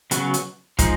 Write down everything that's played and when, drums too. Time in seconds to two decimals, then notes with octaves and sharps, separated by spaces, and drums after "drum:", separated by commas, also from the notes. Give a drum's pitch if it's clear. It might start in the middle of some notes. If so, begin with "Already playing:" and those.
0.11 C#3 F#3 B3 F#4, drum: hi-hat
0.34 drum: hi-hat
0.79 F3 G#3 D#4, drum: kick, hi-hat